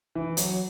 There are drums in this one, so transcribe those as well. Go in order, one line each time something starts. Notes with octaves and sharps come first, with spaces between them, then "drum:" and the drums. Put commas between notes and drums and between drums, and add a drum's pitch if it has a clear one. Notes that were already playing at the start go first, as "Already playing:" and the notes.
E3
F#3, drum: hi-hat